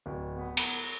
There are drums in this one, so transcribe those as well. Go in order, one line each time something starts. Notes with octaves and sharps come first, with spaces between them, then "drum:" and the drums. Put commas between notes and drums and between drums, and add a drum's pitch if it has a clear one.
D1
B3
A#5 B5, drum: cymbal